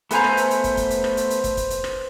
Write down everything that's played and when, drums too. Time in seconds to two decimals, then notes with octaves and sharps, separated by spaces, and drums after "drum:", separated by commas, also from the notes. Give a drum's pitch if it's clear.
0.11 A3 B3 A4 B4 C5 G#5 A#5, drum: hi-hat
0.24 drum: rim click
0.37 drum: hi-hat
0.51 drum: hi-hat
0.64 drum: kick, hi-hat
0.77 drum: kick, hi-hat
0.91 drum: hi-hat
1.04 drum: rim click
1.17 drum: hi-hat
1.31 drum: hi-hat
1.44 drum: kick, hi-hat
1.57 drum: kick, hi-hat
1.71 drum: hi-hat
1.84 drum: rim click